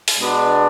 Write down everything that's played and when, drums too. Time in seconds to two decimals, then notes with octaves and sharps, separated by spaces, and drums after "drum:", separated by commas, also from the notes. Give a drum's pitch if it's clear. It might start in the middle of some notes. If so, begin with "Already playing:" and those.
0.08 drum: open hi-hat
0.18 B2 G#3 B3 D4 F#4